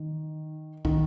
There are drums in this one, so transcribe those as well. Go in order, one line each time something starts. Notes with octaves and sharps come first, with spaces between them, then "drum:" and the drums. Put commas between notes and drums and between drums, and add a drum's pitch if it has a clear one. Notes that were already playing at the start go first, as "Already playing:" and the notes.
Already playing: D#3
D#3, drum: kick